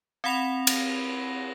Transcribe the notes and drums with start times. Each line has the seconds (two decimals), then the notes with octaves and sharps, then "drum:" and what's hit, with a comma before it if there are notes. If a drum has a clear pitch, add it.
0.24 C4 F5 F#5 B5 A#6 F7
0.67 drum: cymbal